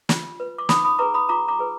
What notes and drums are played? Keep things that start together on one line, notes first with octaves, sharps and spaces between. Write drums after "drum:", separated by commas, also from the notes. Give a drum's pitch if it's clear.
F4, drum: snare
B4
D6
D#4 B5 D#6, drum: snare
B5 D#6
G#4 B4 A#5 D6
B5 D#6
F4 A#5 D6
A#5 D6
G#4 B4